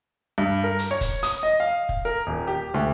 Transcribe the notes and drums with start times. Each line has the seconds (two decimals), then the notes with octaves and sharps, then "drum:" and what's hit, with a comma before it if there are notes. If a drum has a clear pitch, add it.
0.38 G2
0.64 A#4
0.79 drum: hi-hat
0.91 C#5
1.01 drum: kick F1, hi-hat
1.23 D#6, drum: hi-hat
1.43 D#5
1.60 F5
1.89 drum: kick F1
2.05 A#4
2.27 D#1
2.47 G4
2.74 D2